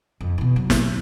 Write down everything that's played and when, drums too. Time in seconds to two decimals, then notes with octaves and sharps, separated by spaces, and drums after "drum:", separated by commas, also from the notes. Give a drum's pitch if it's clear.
0.21 F2
0.38 B2 E3
0.56 F#3
0.70 drum: snare